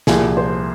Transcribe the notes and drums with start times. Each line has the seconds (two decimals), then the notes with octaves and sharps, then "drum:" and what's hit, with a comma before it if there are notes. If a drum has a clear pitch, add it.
0.07 C2 A#2 F3 G#4, drum: snare
0.37 C5